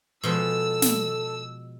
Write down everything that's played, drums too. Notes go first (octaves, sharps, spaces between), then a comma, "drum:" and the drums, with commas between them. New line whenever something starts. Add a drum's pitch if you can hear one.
B2 F3 G#3 A4 E6
drum: snare